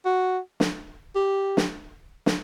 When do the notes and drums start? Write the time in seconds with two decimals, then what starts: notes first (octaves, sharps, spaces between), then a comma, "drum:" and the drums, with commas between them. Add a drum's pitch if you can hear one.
0.05 F#4
0.60 drum: snare
1.15 G4
1.57 drum: snare
2.26 drum: snare